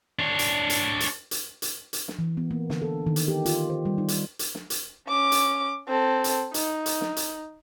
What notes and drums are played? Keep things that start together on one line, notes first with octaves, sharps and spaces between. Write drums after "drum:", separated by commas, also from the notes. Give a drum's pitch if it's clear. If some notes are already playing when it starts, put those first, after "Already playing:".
D4 C#5
drum: hi-hat
drum: hi-hat
drum: hi-hat
drum: hi-hat
drum: hi-hat
drum: hi-hat
drum: snare
E3
B3
A#3
D3, drum: snare
A4
D#3
drum: hi-hat
G4
F4, drum: hi-hat
C5
G3
D#4
drum: hi-hat
drum: hi-hat
drum: snare
drum: hi-hat
C#4 D6
drum: hi-hat
C4 A4
drum: hi-hat
D#4, drum: hi-hat
drum: hi-hat
drum: snare
drum: hi-hat